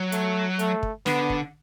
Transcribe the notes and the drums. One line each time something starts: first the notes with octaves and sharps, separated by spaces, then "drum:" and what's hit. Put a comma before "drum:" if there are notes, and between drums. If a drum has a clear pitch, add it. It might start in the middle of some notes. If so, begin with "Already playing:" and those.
Already playing: F#3
A3, drum: hi-hat
A3, drum: hi-hat
drum: kick
D3 B3, drum: snare
drum: kick